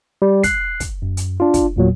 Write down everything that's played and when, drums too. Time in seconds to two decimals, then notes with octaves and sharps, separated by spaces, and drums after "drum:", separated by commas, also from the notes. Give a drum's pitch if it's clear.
0.22 G3
0.43 F#6 C7, drum: kick, hi-hat
0.80 drum: kick, hi-hat
1.02 F#2
1.17 drum: hi-hat
1.40 D4 F4
1.54 drum: kick, hi-hat
1.76 E2 A#2 F#3